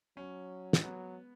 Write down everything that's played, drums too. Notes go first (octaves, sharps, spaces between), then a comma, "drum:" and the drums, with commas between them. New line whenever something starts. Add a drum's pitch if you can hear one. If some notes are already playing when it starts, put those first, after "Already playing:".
F#3 C#4
G#3, drum: snare
F#3 B3